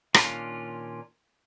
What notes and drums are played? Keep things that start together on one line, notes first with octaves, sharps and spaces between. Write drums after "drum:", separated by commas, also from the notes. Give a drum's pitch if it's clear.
A#2 D#3 C#4 D4 F4, drum: rim click